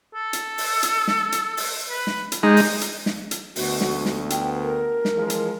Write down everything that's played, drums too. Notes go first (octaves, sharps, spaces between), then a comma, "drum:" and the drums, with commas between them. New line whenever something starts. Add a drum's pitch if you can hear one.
A4
drum: hi-hat
drum: open hi-hat
drum: hi-hat
drum: snare
drum: hi-hat
drum: open hi-hat
B4
drum: snare
drum: hi-hat
G#3 D#4 G4
drum: open hi-hat
drum: hi-hat
drum: snare
drum: hi-hat
D2 B3 F#4, drum: open hi-hat
drum: snare
drum: snare
G5, drum: hi-hat
A#4
drum: snare
E3 F3 G#3
drum: hi-hat